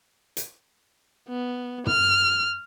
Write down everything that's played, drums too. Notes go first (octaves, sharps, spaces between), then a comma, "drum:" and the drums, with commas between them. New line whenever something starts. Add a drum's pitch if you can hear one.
drum: hi-hat
B3
F6, drum: tom